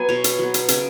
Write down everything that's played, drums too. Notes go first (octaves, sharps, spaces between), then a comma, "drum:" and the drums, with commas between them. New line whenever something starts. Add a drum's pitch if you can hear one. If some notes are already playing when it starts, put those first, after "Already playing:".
Already playing: F#3 B3 G#5
B2 C#5
drum: hi-hat
F#3 B3
drum: hi-hat
C#3, drum: hi-hat